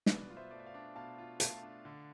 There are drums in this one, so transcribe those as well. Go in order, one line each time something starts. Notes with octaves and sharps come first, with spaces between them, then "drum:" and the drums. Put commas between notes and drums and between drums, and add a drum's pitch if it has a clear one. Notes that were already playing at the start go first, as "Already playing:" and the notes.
B2 B4 D5, drum: snare
F4
C5 E5
A3 D5
E5
D5 F5
D4
B2 F5 A5
F4
A3 F5 A5, drum: hi-hat
D4
D3